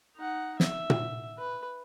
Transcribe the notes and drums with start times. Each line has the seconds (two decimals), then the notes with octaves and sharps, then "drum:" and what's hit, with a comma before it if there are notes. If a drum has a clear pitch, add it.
0.17 D#4 F#5
0.60 E5, drum: snare
0.90 drum: tom A#2
1.39 B4